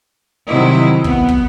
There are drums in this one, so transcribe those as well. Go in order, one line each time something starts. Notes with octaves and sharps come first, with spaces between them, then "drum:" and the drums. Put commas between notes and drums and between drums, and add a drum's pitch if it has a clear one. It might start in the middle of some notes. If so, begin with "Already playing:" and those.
C3 D#3 F#3 E4 D#5
B3, drum: kick
drum: kick